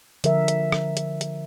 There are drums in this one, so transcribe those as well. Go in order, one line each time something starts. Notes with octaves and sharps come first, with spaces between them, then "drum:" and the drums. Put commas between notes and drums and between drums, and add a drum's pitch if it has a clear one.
D3 F3 A#4 E5, drum: hi-hat
drum: hi-hat
drum: rim click
drum: hi-hat
drum: hi-hat